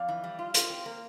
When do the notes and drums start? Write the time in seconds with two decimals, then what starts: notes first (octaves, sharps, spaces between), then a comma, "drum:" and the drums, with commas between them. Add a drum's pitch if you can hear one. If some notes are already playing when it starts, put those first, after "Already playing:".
Already playing: F2 D5 F5
0.09 E3
0.24 G3
0.39 F4
0.54 F4, drum: hi-hat
0.70 C4
0.86 A#3